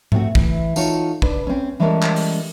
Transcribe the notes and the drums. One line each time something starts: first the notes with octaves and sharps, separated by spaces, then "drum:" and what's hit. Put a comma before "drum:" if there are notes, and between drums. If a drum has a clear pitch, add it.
A3 C4 F#4, drum: tom G#2
E3, drum: kick
D#4 F4 F#4 A4 C#5, drum: tambourine
D4 B4, drum: kick
C4 C#4
E3 G3 G#3 C#4 A4 A#4
drum: clap
drum: open hi-hat